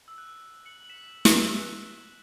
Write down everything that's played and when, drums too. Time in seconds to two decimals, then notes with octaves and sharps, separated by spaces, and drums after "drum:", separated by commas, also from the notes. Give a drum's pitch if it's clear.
0.08 E6
0.18 F#6
0.66 C#7 F#7
0.84 F#7
0.90 B6 E7
1.25 drum: snare
1.38 E6
1.62 F#6